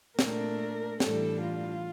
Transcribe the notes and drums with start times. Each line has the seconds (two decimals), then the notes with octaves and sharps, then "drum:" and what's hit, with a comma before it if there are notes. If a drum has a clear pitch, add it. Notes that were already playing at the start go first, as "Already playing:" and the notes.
0.19 A#2 A3 D4 A#4, drum: snare
1.00 A2 E3 G3 D4 A4, drum: snare
1.41 F4